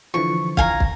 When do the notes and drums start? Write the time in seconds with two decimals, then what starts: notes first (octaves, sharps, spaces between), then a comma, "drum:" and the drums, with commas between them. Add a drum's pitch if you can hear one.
0.14 D3 E3 F3 C#6
0.57 F5 G#5 A#5, drum: kick
0.80 drum: kick